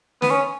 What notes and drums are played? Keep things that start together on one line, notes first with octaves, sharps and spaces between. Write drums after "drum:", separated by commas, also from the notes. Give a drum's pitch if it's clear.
B3, drum: snare
C#4